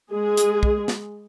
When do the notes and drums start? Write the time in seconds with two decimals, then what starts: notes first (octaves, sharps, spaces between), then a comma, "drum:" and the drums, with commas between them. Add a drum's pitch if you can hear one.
0.12 G#3 G#4
0.37 drum: hi-hat
0.63 drum: kick
0.88 drum: snare